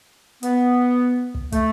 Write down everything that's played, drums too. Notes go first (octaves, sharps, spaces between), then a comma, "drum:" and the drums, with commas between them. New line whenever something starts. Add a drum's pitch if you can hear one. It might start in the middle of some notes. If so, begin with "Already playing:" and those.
B3, drum: hi-hat
drum: kick
A3, drum: kick, hi-hat